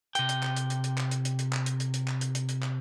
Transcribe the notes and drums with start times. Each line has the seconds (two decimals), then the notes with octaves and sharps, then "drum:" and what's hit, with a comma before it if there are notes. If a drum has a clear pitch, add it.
0.15 C3 G5, drum: hi-hat
0.29 drum: hi-hat
0.43 drum: clap
0.56 drum: hi-hat
0.70 drum: hi-hat
0.84 drum: hi-hat
0.98 drum: clap
1.11 drum: hi-hat
1.25 drum: hi-hat
1.39 drum: hi-hat
1.53 drum: clap
1.66 drum: hi-hat
1.80 drum: hi-hat
1.94 drum: hi-hat
2.08 drum: clap
2.21 drum: hi-hat
2.35 drum: hi-hat
2.49 drum: hi-hat
2.62 drum: clap